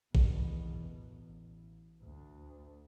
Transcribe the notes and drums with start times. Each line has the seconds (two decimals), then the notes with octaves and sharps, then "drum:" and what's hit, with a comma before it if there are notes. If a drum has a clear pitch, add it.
0.15 E2 B2, drum: kick G#1
0.90 A1
2.03 D2